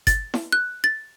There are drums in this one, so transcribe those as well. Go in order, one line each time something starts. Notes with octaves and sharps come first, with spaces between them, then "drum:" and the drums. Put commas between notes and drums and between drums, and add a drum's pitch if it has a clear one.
A6, drum: kick G1, hi-hat
drum: snare E4
F#6
A6